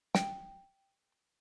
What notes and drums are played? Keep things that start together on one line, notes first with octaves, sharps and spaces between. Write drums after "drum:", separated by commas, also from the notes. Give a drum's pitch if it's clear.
G5, drum: snare